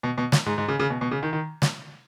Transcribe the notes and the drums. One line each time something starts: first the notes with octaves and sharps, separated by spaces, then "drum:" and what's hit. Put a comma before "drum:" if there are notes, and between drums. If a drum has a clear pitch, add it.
B2
B2
drum: snare
G#2
G#2
C#3
C#3
B2
B2
C#3
D#3
D#3
drum: snare